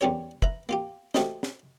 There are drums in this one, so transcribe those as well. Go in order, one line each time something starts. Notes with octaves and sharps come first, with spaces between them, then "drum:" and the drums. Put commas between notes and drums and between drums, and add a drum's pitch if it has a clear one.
E2 G3 C#4 G4 A#4 C#5
B4 E5 A#5, drum: kick
A#3 F4 G4
A3 F#4 G4 A4 C5 D#5, drum: snare
drum: snare